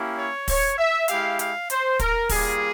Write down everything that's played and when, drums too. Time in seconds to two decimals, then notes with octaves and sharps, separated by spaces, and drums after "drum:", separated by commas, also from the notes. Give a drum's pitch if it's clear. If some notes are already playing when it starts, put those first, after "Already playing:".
Already playing: A#3 C#4 E4 G4
0.17 C#5
0.48 C#5, drum: kick, open hi-hat
0.77 E5
1.08 G#3 E4 G4 F5, drum: hi-hat
1.39 F5, drum: hi-hat
1.70 C5, drum: hi-hat
1.99 A#4, drum: kick, hi-hat
2.29 G3 A#3 F4 G#4, drum: kick, open hi-hat